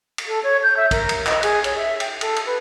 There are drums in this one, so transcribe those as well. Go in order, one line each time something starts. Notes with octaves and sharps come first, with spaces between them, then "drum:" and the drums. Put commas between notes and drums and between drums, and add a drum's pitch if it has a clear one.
drum: cymbal
A4
C#5
G6
E5
A#4, drum: kick, cymbal
drum: cymbal
D#5, drum: clap
G#4, drum: cymbal
C#5, drum: cymbal
E5
G5, drum: cymbal
A4, drum: cymbal
drum: cymbal
B4